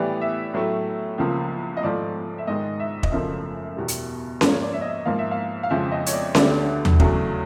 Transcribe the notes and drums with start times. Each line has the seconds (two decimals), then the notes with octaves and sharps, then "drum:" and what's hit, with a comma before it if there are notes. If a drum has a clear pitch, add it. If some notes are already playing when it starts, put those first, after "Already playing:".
Already playing: A2 E3 G3 B3 D5
0.21 E5
0.54 A2 F#3 A3
1.18 C#2 C#3 F3 A#3
1.77 D#5
1.83 G#2 F3 A3 D5
2.38 E5
2.47 G#2 D#3 G#3 D#5
2.80 E5
3.03 D#5, drum: kick
3.12 F#2 C#3 F3 A3 E5
3.77 E2 B2 G3
3.88 drum: hi-hat
4.41 G#2 F3 A#3 D5, drum: snare C#4
4.51 C#5
4.62 D5
4.73 E5
4.81 D#5
4.89 E5
5.06 G#2 F3 A#3 F5
5.19 E5
5.31 F5
5.63 F5
5.70 F2 C#3 F3 G#3 E5
5.92 D#5
6.06 C#5, drum: hi-hat
6.13 D5
6.35 D2 D3 G3 B3 D5, drum: snare C#4
6.85 drum: tom D#2
7.00 E2 C#3 F#3 A3, drum: kick